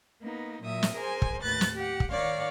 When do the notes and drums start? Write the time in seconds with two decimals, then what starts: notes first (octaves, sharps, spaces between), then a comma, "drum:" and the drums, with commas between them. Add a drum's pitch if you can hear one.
0.22 A#3 B3 D#4
0.63 A#2 F#3 E5 D#6
0.83 drum: snare
0.95 G#4 A#4 C5 G#5
1.22 drum: kick
1.42 D#2 A2 B4 F#6 A6
1.61 drum: snare
1.74 G4 F#5
2.00 drum: kick
2.10 D#3 C#5 D5 F5